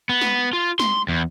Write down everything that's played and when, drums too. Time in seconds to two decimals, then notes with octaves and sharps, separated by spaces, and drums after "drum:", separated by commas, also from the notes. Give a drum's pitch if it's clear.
0.09 B3
0.21 drum: snare
0.53 F4
0.79 C6, drum: snare
1.08 E2